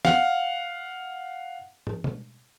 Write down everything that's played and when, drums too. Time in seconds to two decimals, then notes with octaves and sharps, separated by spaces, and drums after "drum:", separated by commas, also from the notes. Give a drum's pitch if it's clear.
0.05 F5 F#5, drum: snare
1.87 drum: tom
2.04 drum: tom B2